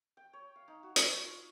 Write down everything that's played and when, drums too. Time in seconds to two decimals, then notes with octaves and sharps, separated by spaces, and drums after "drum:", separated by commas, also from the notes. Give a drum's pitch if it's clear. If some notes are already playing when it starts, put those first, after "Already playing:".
0.17 G5
0.33 C#5
0.56 F5
0.68 D#4
0.83 F#4
0.96 C#5, drum: hi-hat
1.20 F4